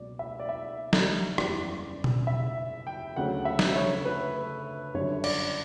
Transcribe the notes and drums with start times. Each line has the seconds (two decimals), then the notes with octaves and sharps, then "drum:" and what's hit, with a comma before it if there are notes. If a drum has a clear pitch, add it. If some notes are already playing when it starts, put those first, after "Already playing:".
Already playing: C#2 B2 F#3 A#3 D5
0.19 E5
0.40 D5
0.49 E5
0.93 drum: snare
1.38 F#1 E2 C#3 G3 D5, drum: rim click
2.04 drum: tom B2
2.27 E5
2.87 G5
3.16 D2 C#3 F#3 C#4 F#5
3.45 E5
3.59 drum: snare
3.76 C#5
4.05 B4
4.94 G1 F#2 D3 G3 C#5
5.24 D5, drum: cymbal